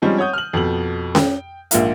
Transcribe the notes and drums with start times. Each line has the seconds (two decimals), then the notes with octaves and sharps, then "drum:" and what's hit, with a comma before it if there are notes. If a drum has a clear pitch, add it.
0.02 F3 G3 G#3 C4 C#4 D#4
0.18 C#5 F#5 D#6 G6
0.33 F6 F#7
0.53 F2 B2 F#7
1.15 G5, drum: snare C#4
1.71 A#1 G#2 A#3 F4 E5 F5, drum: hi-hat